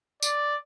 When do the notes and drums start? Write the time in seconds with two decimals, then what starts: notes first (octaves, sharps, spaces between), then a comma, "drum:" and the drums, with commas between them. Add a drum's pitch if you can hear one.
0.22 D5, drum: tambourine